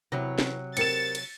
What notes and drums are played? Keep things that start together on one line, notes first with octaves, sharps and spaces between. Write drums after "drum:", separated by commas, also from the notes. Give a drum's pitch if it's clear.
E2 C3 F#3 B4 C#5
drum: snare
C4 G4 A#4 A6 C#7 E7, drum: cymbal
drum: cymbal